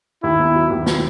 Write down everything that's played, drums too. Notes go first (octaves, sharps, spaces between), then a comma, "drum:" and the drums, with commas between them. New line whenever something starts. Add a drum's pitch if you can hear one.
D#2 E4
B3
F#3
D#2
F#3, drum: snare